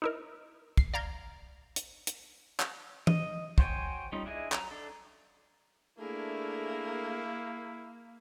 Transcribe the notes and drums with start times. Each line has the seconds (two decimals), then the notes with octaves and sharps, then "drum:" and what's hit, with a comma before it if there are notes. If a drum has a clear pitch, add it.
0.02 D#4 E4 A#4
0.77 C7, drum: kick
0.94 D5 F5 A#5 G6 G#6
1.76 drum: hi-hat
2.07 drum: hi-hat
2.60 drum: clap
3.07 D#5, drum: tom E3
3.58 F#4 C5 C#5 G5 G#5, drum: kick
4.12 G3 C#4 D#4 F4
4.26 D4 E4 G#4 D#5
4.52 F#3 A#5, drum: clap
4.71 D4 A4
5.99 A3 A#3 D4 E4 G#4 A#4